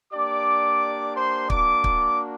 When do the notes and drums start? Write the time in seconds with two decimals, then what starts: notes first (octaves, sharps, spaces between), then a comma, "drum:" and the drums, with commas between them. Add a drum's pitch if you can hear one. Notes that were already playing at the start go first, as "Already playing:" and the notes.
0.13 A#3 D4 G4 D5 D6
1.15 C5 C6
1.50 A#3 D4 F#4 D5 D6, drum: kick
1.84 drum: kick